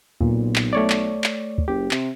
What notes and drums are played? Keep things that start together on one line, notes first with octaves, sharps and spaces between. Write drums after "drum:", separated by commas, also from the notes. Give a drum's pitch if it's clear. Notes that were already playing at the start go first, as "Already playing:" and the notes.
B1 A#2, drum: kick
drum: clap
A3 C#5 D5
drum: clap
drum: clap
drum: kick
F#1 G4
C3, drum: clap